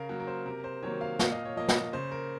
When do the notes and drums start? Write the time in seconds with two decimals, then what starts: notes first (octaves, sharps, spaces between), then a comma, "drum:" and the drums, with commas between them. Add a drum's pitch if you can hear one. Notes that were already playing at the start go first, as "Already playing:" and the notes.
Already playing: C#3 A#4 F5
0.09 F#3 A#3
0.20 A#4
0.27 C5
0.46 C3 A#4
0.64 C5
0.83 D#3 F#3 A#3 C#5
1.01 F5
1.19 A#2 F5, drum: snare
1.32 D#5
1.45 C#5
1.56 F3 A#3 D#5
1.68 drum: snare
1.93 C#3 C5
2.12 A#4